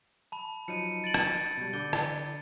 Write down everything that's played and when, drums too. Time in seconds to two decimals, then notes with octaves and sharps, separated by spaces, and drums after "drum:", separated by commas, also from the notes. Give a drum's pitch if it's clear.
0.32 A5 B5
0.68 F3 F#3 D#4 C#7 D#7
1.04 A6 D7 F#7
1.14 drum: rim click
1.58 B2 G3
1.73 D3 D5 G6
1.93 drum: rim click